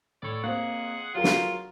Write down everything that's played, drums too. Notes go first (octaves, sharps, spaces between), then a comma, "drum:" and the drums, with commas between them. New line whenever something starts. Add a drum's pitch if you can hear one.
A2 A4 C#5 D5
F2 A#3 C4 G#4 F#5
F#3 F4 G#4 A#4
drum: snare